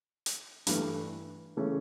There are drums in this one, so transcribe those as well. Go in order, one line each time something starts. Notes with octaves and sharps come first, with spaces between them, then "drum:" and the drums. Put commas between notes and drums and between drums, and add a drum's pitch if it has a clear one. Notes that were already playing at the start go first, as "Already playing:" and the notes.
drum: hi-hat
G2 E3 A3, drum: hi-hat
C#3 E3 A3 C#4